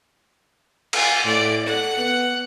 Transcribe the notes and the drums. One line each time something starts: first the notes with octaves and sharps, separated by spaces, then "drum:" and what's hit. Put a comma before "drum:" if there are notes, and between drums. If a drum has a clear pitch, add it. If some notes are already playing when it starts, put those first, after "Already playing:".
F4 G#5, drum: cymbal
A2 D5
A4 F#5
B3